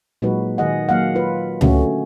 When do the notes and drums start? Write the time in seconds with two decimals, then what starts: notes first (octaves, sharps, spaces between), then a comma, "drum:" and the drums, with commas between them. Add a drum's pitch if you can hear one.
0.22 A#2 F#3 G#3 D#4 F#4 B4
0.58 D#3 G#4 D#5 F#5
0.89 F#3 A#3 F5 F#5
1.15 F4 B4
1.61 D3 A3 C#4 F#4 G#4, drum: tom C#2